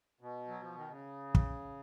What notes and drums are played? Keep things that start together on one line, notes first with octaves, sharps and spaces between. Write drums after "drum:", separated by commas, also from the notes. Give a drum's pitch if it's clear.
B2
F#3
F3
D#3
C#3
drum: kick